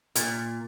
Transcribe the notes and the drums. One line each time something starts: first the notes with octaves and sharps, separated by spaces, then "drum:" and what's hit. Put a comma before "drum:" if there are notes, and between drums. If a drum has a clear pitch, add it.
A#2, drum: hi-hat